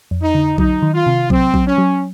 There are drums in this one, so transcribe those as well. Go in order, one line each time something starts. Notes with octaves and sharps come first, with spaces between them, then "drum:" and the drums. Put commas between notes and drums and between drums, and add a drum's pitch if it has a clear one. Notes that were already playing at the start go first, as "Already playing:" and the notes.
F2
D#4
D3
F#3 D#4, drum: kick B1
D#3
F4
C3
F#3 C4, drum: kick B1
F#3, drum: kick B1
C#4
F#3